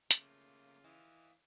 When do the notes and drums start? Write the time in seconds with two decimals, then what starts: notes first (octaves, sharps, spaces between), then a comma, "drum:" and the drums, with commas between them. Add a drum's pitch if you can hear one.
0.11 C#3 A3 A#3 F4, drum: hi-hat
0.84 E3 D#5 F5